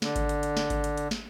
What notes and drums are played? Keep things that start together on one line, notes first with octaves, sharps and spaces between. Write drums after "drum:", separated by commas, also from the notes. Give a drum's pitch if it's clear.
D3, drum: snare
drum: kick G#1, hi-hat
drum: hi-hat
drum: hi-hat
drum: snare
drum: kick G#1, hi-hat
drum: hi-hat
drum: hi-hat
drum: snare